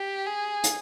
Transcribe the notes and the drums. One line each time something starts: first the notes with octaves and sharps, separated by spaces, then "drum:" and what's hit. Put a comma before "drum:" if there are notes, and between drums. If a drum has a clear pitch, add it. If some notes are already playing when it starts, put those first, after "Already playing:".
Already playing: G4
G#4
drum: hi-hat